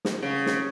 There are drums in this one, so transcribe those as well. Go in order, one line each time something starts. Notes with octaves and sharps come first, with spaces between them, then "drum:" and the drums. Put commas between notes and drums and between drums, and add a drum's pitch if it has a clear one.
drum: snare
C#3
drum: snare